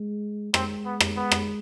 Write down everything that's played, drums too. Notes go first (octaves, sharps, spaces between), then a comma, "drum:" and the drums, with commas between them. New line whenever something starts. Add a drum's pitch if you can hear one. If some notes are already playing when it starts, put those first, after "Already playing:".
Already playing: G#3
G#3 C4, drum: rim click
B3
drum: rim click
B3
drum: rim click